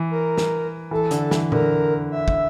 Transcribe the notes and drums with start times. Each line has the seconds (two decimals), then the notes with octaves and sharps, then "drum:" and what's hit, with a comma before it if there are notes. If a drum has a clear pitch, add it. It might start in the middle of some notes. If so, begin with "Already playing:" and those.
Already playing: E3
0.11 A#4
0.38 drum: snare
0.91 E3 A4
1.11 D3, drum: hi-hat
1.31 E3, drum: snare
1.52 D3 A#4, drum: tom A#2
2.12 E5
2.28 drum: kick